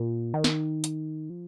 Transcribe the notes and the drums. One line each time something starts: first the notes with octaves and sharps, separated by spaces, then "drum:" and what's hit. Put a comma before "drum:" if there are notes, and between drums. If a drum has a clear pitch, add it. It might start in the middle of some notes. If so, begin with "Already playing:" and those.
Already playing: A#2
D#3
drum: snare
drum: hi-hat
F3